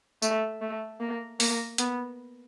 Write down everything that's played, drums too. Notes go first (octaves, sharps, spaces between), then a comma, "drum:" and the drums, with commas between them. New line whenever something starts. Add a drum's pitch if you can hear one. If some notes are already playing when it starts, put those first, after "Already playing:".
A3, drum: tambourine
A3
A#3
A#3, drum: open hi-hat
B3, drum: hi-hat